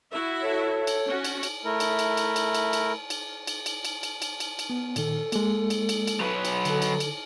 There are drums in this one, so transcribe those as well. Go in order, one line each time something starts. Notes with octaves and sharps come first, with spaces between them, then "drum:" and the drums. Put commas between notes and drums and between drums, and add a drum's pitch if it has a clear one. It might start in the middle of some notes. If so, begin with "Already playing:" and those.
E4 F#4 E5
A4 C#5
drum: cymbal
C#4 F#4
drum: cymbal
drum: cymbal
A3 E4 A#4
drum: cymbal
drum: cymbal
drum: cymbal
drum: cymbal
drum: cymbal
drum: cymbal
drum: cymbal
drum: cymbal
drum: cymbal
drum: cymbal
drum: cymbal
drum: cymbal
drum: cymbal
drum: cymbal
B3
A#2 D#3 A4, drum: cymbal
G#3 A#3, drum: cymbal
drum: cymbal
drum: cymbal
drum: cymbal
F#3 B4
drum: cymbal
D3 A4, drum: cymbal
drum: cymbal
drum: cymbal